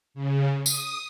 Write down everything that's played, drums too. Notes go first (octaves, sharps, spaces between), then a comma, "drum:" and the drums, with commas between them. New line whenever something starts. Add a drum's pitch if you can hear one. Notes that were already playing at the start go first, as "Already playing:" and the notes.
C#3
D#6, drum: tambourine